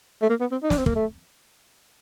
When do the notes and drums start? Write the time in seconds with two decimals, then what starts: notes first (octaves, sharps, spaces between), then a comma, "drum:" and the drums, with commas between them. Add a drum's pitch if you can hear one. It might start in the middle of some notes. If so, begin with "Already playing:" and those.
0.22 A3
0.30 A#3
0.41 B3
0.52 C4
0.63 D#4
0.70 D4, drum: snare
0.78 C4
0.86 A#3, drum: kick
0.95 A3